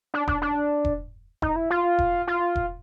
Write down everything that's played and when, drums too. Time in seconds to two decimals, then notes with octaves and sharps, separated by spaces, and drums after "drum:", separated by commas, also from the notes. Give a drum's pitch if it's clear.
0.14 D4
0.28 D4, drum: kick E1
0.42 D4
0.85 drum: kick E1
1.42 D#4, drum: kick E1
1.56 E4
1.70 F4
1.99 drum: kick E1
2.27 F4
2.56 drum: kick E1